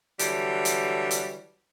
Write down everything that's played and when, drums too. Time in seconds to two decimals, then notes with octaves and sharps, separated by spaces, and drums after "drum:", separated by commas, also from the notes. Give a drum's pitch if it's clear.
0.19 D3 E3 F#3 G3, drum: hi-hat
0.65 drum: hi-hat
1.11 drum: hi-hat